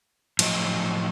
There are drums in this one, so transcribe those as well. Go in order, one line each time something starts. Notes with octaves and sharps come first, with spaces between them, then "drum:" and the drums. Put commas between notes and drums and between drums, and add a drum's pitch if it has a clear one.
A2 F3 F#3 D#5, drum: cymbal